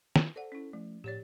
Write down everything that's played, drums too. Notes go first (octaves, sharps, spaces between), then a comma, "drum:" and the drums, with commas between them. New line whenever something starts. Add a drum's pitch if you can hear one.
drum: snare
A4 C5 D5 F#5
C#4 E4
F3 A3
A2 G4 C#5 D5 A6